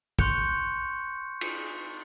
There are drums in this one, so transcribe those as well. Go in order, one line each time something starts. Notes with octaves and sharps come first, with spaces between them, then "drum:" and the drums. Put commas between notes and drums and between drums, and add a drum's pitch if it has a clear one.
C6 C#6 F#6 G6 C#7 F7, drum: kick
drum: cymbal